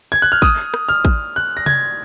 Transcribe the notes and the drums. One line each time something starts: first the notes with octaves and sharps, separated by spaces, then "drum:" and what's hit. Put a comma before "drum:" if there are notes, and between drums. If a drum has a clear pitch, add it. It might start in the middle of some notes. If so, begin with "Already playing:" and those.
G#6
F#6
F6
D#6, drum: kick
drum: rim click
F6
drum: kick
F#6
A#6
G#6, drum: tom C3